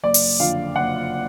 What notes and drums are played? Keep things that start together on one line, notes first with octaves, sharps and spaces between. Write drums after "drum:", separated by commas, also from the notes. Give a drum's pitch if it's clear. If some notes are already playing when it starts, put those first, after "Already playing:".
F#1 D5
drum: open hi-hat
F2 D3 F5
F#1 F#5